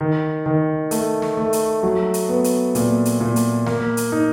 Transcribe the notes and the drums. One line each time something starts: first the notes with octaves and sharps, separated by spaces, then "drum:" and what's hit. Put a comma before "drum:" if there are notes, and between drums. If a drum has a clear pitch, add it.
D#3
D#3
A3, drum: hi-hat
drum: snare
A3
drum: hi-hat
F#3
drum: hi-hat
B3
drum: hi-hat
A#2, drum: hi-hat
drum: hi-hat
A#2
drum: hi-hat
A#3, drum: snare
drum: hi-hat
D#4